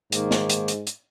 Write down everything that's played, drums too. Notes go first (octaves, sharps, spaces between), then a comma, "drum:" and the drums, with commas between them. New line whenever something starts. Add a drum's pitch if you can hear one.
G#2 D#3 A#3, drum: hi-hat
drum: snare
drum: hi-hat
drum: hi-hat
drum: hi-hat